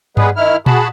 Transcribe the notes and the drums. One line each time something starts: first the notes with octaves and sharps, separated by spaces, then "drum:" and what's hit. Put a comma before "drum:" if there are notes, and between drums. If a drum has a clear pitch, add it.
G3 G#3 B3 G#4 B4, drum: tom G2
D#3 E4 F6
F#4 G#4 A5 B5, drum: tom A#2